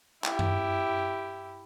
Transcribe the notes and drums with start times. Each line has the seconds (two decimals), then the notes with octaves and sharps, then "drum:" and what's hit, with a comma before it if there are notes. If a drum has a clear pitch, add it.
0.24 E4 G4, drum: clap
0.39 drum: tom F#2